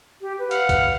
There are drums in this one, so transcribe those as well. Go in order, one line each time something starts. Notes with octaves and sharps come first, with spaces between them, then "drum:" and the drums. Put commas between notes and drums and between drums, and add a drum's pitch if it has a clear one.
G4
B4
F5 F#5, drum: hi-hat
drum: kick B1, hi-hat